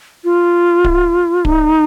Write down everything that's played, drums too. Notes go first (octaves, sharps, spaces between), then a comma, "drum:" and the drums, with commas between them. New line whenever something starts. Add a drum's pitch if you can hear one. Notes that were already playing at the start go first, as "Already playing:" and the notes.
F4
drum: kick D1
D#4, drum: kick D1